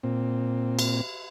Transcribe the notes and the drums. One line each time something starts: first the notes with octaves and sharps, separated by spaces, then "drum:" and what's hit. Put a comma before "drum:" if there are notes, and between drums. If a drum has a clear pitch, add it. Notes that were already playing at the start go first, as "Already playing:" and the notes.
A#2 C4
drum: cymbal